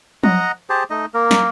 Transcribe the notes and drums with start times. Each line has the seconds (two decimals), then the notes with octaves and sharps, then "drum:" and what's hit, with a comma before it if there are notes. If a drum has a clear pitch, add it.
0.24 D#5 F#5 A#5, drum: tom F3
0.70 G4 G#4 C5 A5
0.90 A3 D#4 D#5
1.14 A#3 A#4
1.31 drum: snare